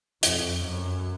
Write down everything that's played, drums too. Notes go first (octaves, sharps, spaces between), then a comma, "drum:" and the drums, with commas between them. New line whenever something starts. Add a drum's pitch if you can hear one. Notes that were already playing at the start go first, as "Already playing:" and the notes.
F2, drum: hi-hat
F#2